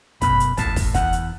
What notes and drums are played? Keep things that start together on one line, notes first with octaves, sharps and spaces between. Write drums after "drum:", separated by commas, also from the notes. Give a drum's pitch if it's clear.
F#2 B2 B5, drum: kick, hi-hat
drum: hi-hat
E2 A2 A5, drum: kick, hi-hat
drum: kick, open hi-hat
E2 F#5, drum: kick, hi-hat
drum: hi-hat